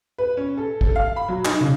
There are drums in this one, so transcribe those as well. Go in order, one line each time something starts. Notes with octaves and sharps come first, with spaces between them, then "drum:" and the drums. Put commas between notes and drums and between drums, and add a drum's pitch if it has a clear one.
B4
C#4
A4
A4, drum: kick A1
F5
B5
F#3
D#4, drum: clap
C#3